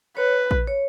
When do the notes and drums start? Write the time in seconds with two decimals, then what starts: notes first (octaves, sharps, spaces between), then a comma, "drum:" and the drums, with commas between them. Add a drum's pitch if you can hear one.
0.17 B4 C#5
0.51 drum: kick A#1
0.67 C#5